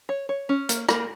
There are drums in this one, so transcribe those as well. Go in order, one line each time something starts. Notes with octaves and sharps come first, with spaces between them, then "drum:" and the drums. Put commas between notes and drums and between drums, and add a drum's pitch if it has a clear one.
C#5
C#5
C#4
A#3, drum: hi-hat
A#3, drum: rim click